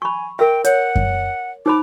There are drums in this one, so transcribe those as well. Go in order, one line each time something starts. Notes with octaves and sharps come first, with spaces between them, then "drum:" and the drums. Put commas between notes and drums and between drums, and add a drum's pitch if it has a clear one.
G#5 B5 C#6
A#4 E5 G5
C#5 F#5, drum: hi-hat
drum: kick F#2
D#4 C5 B5 D6